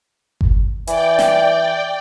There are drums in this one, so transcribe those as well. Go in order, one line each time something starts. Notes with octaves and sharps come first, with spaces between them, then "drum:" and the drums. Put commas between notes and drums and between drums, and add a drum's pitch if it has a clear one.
drum: kick G1
E3 D5 G5, drum: hi-hat
drum: snare